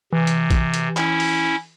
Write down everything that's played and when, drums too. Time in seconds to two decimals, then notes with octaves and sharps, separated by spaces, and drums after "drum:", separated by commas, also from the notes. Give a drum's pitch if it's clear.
0.13 C3 E3
0.27 drum: hi-hat
0.50 drum: kick, hi-hat
0.74 drum: hi-hat
0.97 C#4 E4, drum: clap
1.20 drum: open hi-hat